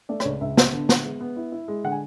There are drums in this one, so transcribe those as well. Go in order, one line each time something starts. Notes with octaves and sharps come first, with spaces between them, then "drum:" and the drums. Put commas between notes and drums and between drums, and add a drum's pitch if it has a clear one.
A3 D5
C#5, drum: rim click
C#2 D5
C#2 E5
B3, drum: snare
D3
B3, drum: snare
G#3
B3
E4
E4
G#3
D3 F#5
G#5